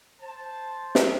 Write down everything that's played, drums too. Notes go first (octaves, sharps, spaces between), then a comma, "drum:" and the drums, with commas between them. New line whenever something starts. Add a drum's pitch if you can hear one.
C5 A5
drum: snare